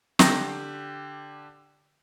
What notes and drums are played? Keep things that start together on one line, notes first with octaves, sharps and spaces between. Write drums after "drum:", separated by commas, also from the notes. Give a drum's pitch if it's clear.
D3 G4 G5 A#6 C7, drum: snare